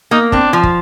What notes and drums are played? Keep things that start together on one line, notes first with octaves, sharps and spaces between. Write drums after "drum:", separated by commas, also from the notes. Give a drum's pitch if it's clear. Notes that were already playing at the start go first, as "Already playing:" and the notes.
A#3 D#4
C4 D4, drum: kick
F3
drum: kick